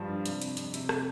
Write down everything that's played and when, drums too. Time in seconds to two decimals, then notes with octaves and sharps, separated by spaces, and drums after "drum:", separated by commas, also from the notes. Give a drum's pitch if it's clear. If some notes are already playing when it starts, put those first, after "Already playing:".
Already playing: G2 F3 G3
0.09 D4
0.26 C3, drum: hi-hat
0.42 F2, drum: hi-hat
0.57 F2, drum: hi-hat
0.74 C3, drum: hi-hat
0.89 drum: rim click